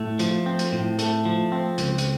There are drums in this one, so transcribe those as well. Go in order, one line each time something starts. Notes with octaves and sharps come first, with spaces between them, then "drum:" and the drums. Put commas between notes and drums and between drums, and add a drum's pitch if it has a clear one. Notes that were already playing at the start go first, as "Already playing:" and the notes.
Already playing: A2 A3
F3, drum: hi-hat
C4
drum: hi-hat
A2
A3, drum: hi-hat
F3
C4
C#2, drum: hi-hat
drum: hi-hat